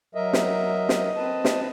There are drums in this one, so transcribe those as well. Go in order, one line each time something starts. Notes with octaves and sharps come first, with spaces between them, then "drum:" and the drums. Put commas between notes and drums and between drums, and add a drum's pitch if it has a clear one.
F#3 A#4 D#5 E5
drum: snare
drum: snare
C4 B4 A5
drum: snare